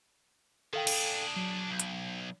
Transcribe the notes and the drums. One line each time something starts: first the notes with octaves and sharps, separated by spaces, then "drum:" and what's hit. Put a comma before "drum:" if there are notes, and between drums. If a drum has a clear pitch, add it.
D#3 A4 F5 G5
D4 G#4, drum: cymbal
F#3
B1
drum: hi-hat